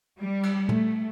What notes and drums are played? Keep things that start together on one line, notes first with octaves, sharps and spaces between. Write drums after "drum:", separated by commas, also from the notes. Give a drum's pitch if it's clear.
G3
drum: cymbal
A3, drum: tom